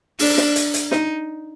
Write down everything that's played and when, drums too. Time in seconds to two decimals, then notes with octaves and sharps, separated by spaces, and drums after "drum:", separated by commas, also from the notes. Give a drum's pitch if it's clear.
0.19 D4, drum: open hi-hat
0.38 drum: snare
0.56 drum: hi-hat
0.74 drum: hi-hat
0.91 D#4, drum: snare